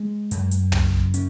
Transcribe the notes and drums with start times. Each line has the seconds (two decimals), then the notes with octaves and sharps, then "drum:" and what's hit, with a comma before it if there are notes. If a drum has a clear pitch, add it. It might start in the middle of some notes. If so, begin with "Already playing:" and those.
Already playing: G#3
0.31 F#2, drum: hi-hat
0.52 drum: hi-hat
0.72 C#3, drum: tom
1.14 C#4, drum: hi-hat